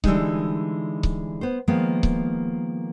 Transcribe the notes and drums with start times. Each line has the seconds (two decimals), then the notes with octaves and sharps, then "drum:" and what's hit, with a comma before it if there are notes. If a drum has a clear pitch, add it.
0.04 D3 E3 F3 G3 G#3 D#4, drum: kick C#1
1.03 drum: kick C#1
1.41 B3 C5
1.68 D#3 F3 G#3 A#3 B3
2.03 drum: kick C#1